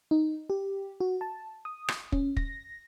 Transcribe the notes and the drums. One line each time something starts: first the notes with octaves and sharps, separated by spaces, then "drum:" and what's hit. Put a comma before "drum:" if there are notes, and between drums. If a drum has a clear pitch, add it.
D#4
G4
F#4
A5
D#6
drum: rim click
C#4, drum: kick
A#6, drum: kick